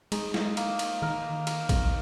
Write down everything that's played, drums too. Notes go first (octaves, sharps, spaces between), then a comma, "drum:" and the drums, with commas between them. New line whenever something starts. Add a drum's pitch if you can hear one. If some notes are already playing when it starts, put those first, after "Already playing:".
G#3 D#4, drum: cymbal
drum: snare
A#3, drum: cymbal
drum: cymbal
D#3 A#4
A#4, drum: cymbal
drum: kick A1, cymbal